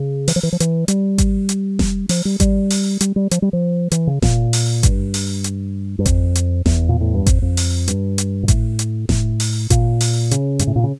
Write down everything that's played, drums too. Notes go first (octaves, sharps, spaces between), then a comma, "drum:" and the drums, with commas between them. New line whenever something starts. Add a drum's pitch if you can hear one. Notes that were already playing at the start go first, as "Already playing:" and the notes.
Already playing: C#3
E3, drum: open hi-hat
F3
E3
F3
E3, drum: hi-hat
G3, drum: hi-hat
drum: kick G#1, hi-hat
drum: hi-hat
drum: snare F1
F3, drum: open hi-hat
G3
G3, drum: kick G#1, hi-hat
drum: open hi-hat
G3, drum: hi-hat
G3
F3, drum: hi-hat
G3
F3
E3, drum: hi-hat
C#3
A#2, drum: snare F1
drum: open hi-hat
G2, drum: kick G#1, hi-hat
drum: open hi-hat
drum: hi-hat
G2
F2, drum: kick G#1, hi-hat
drum: hi-hat
E2, drum: snare F1
A#2
A2
G2
F2, drum: kick G#1, hi-hat
F2
drum: open hi-hat
G2, drum: hi-hat
drum: hi-hat
A#2
A2, drum: kick G#1, hi-hat
drum: hi-hat
A2, drum: snare F1
drum: open hi-hat
A#2, drum: kick G#1, hi-hat
drum: open hi-hat
C#3, drum: hi-hat
G2, drum: hi-hat
A2
A#2
C#3